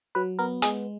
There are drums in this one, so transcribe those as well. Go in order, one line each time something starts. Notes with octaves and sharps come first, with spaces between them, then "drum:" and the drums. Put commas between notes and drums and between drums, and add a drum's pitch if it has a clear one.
F#3 B4
B3 A#4
G#3 G#4, drum: hi-hat